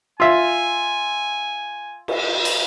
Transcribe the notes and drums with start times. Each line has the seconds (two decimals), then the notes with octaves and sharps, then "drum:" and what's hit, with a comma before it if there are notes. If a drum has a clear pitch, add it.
0.20 F4 E5 G#5
2.08 drum: cymbal
2.45 drum: cymbal